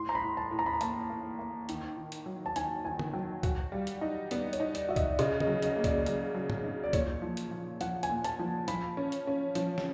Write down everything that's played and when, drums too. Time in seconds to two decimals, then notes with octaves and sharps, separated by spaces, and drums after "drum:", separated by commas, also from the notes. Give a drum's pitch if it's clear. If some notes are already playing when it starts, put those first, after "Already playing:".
Already playing: A2 C6
0.09 A#5
0.15 B5
0.22 A2
0.37 A5
0.51 A2
0.59 A#5
0.66 B5
0.73 A#5
0.81 A#3 A5, drum: hi-hat
1.10 A#3
1.39 A#3
1.69 D#3, drum: hi-hat
1.97 D#3
2.12 drum: hi-hat
2.26 F#3
2.46 A5
2.56 D#3 G#5, drum: hi-hat
2.85 D#3 G#5
2.99 drum: tom D3
3.13 F#3 G5
3.43 F#4 F#5, drum: kick, hi-hat
3.72 G3 F5
3.87 drum: hi-hat
4.01 D#4 D#5
4.31 B3 D5, drum: hi-hat
4.53 C#5, drum: hi-hat
4.60 D#4
4.75 D5, drum: hi-hat
4.89 F#4 E5
4.96 D#5, drum: kick, hi-hat
5.10 D5
5.19 C#3 D#5, drum: hi-hat
5.40 D#5, drum: tom D3
5.47 F#3
5.62 D#5, drum: hi-hat
5.76 A#3
5.84 D5, drum: kick, hi-hat
6.06 F#3, drum: hi-hat
6.35 F#3
6.50 drum: tom G#2
6.64 D#4
6.83 D5
6.93 A#2 C#5, drum: kick, hi-hat
7.22 F3
7.37 drum: hi-hat
7.51 F3
7.81 F3 F#5, drum: hi-hat
8.03 G#5, drum: hi-hat
8.09 A#2
8.24 A5, drum: hi-hat
8.39 F3
8.68 F3 B5, drum: hi-hat
8.97 C#4
9.12 drum: hi-hat
9.27 C#4
9.55 F3, drum: hi-hat
9.78 drum: snare